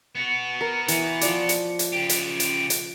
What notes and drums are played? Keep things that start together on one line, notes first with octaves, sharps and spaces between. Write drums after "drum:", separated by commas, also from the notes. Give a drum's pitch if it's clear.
B3 F#4
A#4
E3, drum: hi-hat
F3 D5, drum: hi-hat
drum: hi-hat
drum: hi-hat
C#3 G4
drum: hi-hat
drum: hi-hat
drum: hi-hat